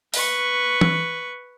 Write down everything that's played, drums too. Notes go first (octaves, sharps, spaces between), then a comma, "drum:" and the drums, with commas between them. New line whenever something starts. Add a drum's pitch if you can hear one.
B4 C#6, drum: open hi-hat
drum: tom E3